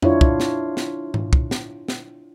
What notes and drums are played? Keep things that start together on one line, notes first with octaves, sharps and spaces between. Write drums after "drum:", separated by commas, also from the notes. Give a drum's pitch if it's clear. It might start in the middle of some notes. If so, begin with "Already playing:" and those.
D4 E4 F4 C#5, drum: tom F2
drum: kick
drum: snare
drum: snare
drum: tom G#2
drum: kick
drum: snare
drum: snare